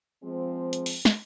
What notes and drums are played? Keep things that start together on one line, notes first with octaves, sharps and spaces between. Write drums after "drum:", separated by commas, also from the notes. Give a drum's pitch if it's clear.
F3 G#3 C4
drum: hi-hat
drum: open hi-hat
drum: snare